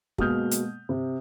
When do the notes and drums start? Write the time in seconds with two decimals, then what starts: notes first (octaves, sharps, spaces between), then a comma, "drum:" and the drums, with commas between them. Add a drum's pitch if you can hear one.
0.18 B2 G#3 A#3 D#6 F6 G6, drum: kick
0.51 drum: hi-hat
0.89 C3